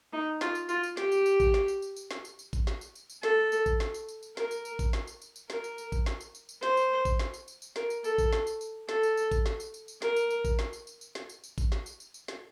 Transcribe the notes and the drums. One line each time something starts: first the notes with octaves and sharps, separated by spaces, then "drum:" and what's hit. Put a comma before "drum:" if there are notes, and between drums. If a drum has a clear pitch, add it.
D#4
F4, drum: snare
drum: tambourine
F4, drum: tambourine
drum: tambourine
G4, drum: snare
drum: tambourine
drum: tambourine
drum: kick G#1, tambourine
drum: snare
drum: tambourine
drum: tambourine
drum: tambourine
drum: snare
drum: tambourine
drum: tambourine
drum: kick G#1, tambourine
drum: snare
drum: tambourine
drum: tambourine
drum: tambourine
A4, drum: snare
drum: tambourine
drum: kick G#1, tambourine
drum: snare
drum: tambourine
drum: tambourine
drum: tambourine
A#4, drum: snare
drum: tambourine
drum: tambourine
drum: kick G#1, tambourine
drum: snare
drum: tambourine
drum: tambourine
drum: tambourine
A#4, drum: snare
drum: tambourine
drum: tambourine
drum: kick G#1, tambourine
drum: snare
drum: tambourine
drum: tambourine
drum: tambourine
C5, drum: snare
drum: tambourine
drum: kick G#1, tambourine
drum: snare
drum: tambourine
drum: tambourine
drum: tambourine
A#4, drum: snare
drum: tambourine
A4, drum: tambourine
drum: kick G#1, tambourine
drum: snare
drum: tambourine
drum: tambourine
A4, drum: snare
drum: tambourine
drum: tambourine
drum: kick G#1, tambourine
drum: snare
drum: tambourine
drum: tambourine
drum: tambourine
A#4, drum: snare
drum: tambourine
drum: tambourine
drum: kick G#1, tambourine
drum: snare
drum: tambourine
drum: tambourine
drum: tambourine
drum: snare
drum: tambourine
drum: tambourine
drum: kick G#1, tambourine
drum: snare
drum: tambourine
drum: tambourine
drum: tambourine
drum: snare